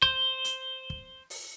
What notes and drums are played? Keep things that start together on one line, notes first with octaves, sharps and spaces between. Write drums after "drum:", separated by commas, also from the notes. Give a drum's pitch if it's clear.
C5, drum: kick
drum: hi-hat
drum: kick
drum: open hi-hat